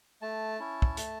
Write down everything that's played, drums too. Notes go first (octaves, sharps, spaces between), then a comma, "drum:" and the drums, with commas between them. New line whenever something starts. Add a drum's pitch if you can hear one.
A3 A5
C#4 E4
drum: kick
A3, drum: hi-hat